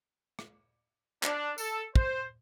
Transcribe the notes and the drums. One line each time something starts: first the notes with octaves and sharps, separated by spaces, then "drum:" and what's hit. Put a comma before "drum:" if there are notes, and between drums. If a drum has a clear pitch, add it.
drum: rim click
D4, drum: clap
A4, drum: tambourine
C5, drum: kick